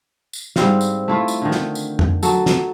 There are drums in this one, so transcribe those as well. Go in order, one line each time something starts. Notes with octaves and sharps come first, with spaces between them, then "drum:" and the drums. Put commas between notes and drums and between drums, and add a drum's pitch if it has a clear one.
drum: tambourine
G#2 G3 C4 F5, drum: snare
drum: tambourine
A3 E4 F4
drum: tambourine
D3 D#3
drum: snare
drum: tambourine
drum: tom F2
F#3 A4, drum: tambourine
drum: snare